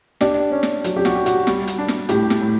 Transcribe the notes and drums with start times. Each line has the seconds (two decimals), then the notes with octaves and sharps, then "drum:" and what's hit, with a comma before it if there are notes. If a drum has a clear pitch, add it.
0.21 D4 G4, drum: snare
0.52 C#4
0.63 drum: snare
0.84 F#3, drum: hi-hat
0.97 G4
1.05 F#4, drum: snare
1.15 G4
1.26 F#4, drum: hi-hat
1.47 G3, drum: snare
1.67 drum: hi-hat
1.78 D4
1.88 drum: snare
2.09 A2 G4, drum: hi-hat
2.30 drum: snare
2.41 A2